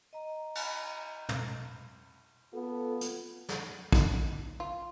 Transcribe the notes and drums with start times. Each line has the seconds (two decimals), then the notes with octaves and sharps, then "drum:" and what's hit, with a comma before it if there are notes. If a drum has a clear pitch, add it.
0.13 D#5 A#5
0.55 drum: cymbal
1.29 drum: tom
2.54 B3 F4 A4
3.01 drum: hi-hat
3.49 drum: snare
3.92 drum: kick
4.60 F4